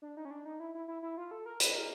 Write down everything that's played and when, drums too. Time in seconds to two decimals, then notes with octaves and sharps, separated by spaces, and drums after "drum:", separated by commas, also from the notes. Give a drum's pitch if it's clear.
0.02 D4
0.17 D#4
0.25 C#4
0.31 D4
0.45 D#4
0.60 E4
0.75 E4
0.88 E4
1.02 E4
1.17 F4
1.31 A4
1.46 A#4
1.60 B4, drum: hi-hat
1.75 A#4